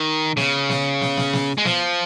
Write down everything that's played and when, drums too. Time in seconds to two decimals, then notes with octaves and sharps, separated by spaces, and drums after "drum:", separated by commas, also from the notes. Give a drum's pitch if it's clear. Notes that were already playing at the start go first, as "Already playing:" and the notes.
Already playing: D#3
0.37 C#3, drum: snare
0.69 drum: snare
1.01 drum: snare
1.17 drum: snare
1.33 drum: snare
1.58 G#3
1.65 F3, drum: snare